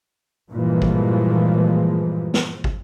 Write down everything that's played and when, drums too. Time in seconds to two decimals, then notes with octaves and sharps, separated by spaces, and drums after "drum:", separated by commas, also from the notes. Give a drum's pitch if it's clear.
0.51 G2 A#2 E3 F3 G#3
0.82 drum: kick
2.34 drum: snare
2.64 drum: kick